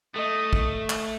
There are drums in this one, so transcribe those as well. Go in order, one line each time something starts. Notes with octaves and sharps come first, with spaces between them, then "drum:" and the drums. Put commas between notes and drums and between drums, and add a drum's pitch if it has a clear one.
A3 D#5
drum: kick
drum: clap